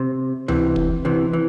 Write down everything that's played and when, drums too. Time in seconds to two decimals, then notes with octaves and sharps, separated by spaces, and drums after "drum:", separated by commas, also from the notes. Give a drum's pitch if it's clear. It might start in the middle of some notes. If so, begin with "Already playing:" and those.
Already playing: C3
0.48 C3 E3, drum: tom C#2
0.76 drum: kick
1.05 C3 E3
1.33 E3